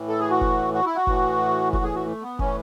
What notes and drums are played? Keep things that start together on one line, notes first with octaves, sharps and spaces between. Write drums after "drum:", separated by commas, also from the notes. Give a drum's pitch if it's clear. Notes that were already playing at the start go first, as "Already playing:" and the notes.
Already playing: A2 E3
A4
G#4
F#4
drum: kick
F#4
E4
F#4
A2 E3, drum: kick
F#4, drum: kick
G#4
F#4
A3
B3
A2 E3 C#4, drum: kick